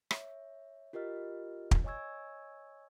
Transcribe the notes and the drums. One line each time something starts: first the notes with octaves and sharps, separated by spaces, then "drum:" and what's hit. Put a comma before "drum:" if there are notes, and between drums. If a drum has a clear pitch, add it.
C#5 E5, drum: rim click
F4 G4 A#4 D#5 F6
drum: kick
C#5 D#5 G#5 C#6 E6 G#6